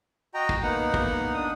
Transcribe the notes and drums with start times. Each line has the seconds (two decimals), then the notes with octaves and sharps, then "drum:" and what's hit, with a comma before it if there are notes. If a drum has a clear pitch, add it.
0.34 F#4 D#5 G5 A#5
0.49 drum: kick
0.63 A#3 B3 D#4 F#5
0.94 drum: kick
1.34 D4 D#6